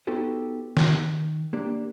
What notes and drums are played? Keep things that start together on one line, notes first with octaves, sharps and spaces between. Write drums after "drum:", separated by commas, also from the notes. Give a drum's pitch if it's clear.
B3 D#4 F#4 G4 A4 C5
D#3, drum: snare
A#3 D4 G4 D5